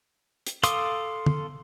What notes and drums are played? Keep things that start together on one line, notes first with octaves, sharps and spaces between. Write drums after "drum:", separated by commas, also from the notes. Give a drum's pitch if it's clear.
drum: hi-hat
A4 F5 C6 D6 D#6, drum: hi-hat
drum: tom